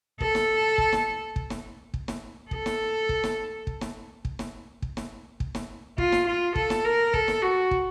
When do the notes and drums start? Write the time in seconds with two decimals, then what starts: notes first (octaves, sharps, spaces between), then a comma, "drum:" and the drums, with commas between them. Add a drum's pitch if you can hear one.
0.20 A4, drum: kick
0.35 drum: snare
0.78 drum: kick
0.93 drum: snare
1.36 drum: kick
1.50 drum: snare
1.94 drum: kick
2.08 drum: snare
2.51 A4, drum: kick
2.66 drum: snare
3.09 drum: kick
3.24 drum: snare
3.67 drum: kick
3.81 drum: snare
4.25 drum: kick
4.39 drum: snare
4.82 drum: kick
4.97 drum: snare
5.40 drum: kick
5.55 drum: snare
5.98 F4, drum: kick
6.12 drum: snare
6.27 F4
6.55 A4, drum: kick
6.70 drum: snare
6.85 A#4
7.14 A4, drum: kick
7.28 drum: snare
7.42 F#4
7.71 drum: kick